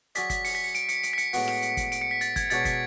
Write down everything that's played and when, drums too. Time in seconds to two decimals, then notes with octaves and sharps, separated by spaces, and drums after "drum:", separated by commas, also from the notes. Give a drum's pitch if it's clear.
0.15 F#3 C#4 G#4 D5 B6, drum: hi-hat
0.30 B6, drum: kick, hi-hat
0.45 C#7, drum: open hi-hat
0.55 B6
0.64 C#7
0.75 D7, drum: hi-hat
0.89 C#7, drum: hi-hat
1.03 D7, drum: hi-hat
1.13 B6
1.18 C#7, drum: hi-hat
1.33 A2 G#3 B3 F#4, drum: open hi-hat
1.48 drum: rim click
1.62 drum: hi-hat
1.77 drum: kick, hi-hat
1.92 D7, drum: hi-hat
2.02 C#7
2.11 B6
2.21 A6, drum: hi-hat
2.36 G#6, drum: kick, hi-hat
2.50 B2 G#3 D4 F#4 C#5 A6, drum: hi-hat
2.65 B6, drum: kick, hi-hat